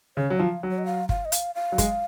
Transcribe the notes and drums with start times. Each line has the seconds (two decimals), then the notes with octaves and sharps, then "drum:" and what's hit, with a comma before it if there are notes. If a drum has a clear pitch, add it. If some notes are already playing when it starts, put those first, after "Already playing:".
0.17 C#3 C#5
0.30 F#3
0.39 F3 F5
0.63 F#3
0.71 C#5
0.78 D#5
0.86 F5
1.09 F5, drum: kick
1.25 D#5
1.32 F5, drum: hi-hat
1.55 F5
1.72 F#3
1.78 G#3, drum: kick, hi-hat